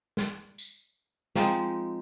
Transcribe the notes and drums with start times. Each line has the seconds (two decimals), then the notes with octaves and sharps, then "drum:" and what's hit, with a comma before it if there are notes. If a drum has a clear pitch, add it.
0.17 drum: snare
0.58 drum: tambourine
1.36 F3 G#3 C4 D#4, drum: snare